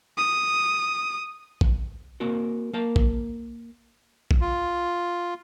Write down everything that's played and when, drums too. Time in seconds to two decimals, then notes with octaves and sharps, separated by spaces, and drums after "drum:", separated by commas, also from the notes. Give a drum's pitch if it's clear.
0.18 D#6
1.61 drum: kick
2.20 A#3 C4 F#4 A#4
2.73 A#3 A#4 A5
2.96 drum: kick
4.31 drum: kick
4.41 F4